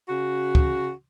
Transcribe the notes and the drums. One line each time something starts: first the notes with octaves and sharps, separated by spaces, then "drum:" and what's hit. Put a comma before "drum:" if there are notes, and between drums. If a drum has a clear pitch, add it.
C#3 F#4
drum: kick C#2